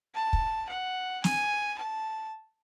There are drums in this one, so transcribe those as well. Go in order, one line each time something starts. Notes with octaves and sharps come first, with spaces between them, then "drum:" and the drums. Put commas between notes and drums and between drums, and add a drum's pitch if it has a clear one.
A5
drum: kick
F#5
G#5, drum: snare
A5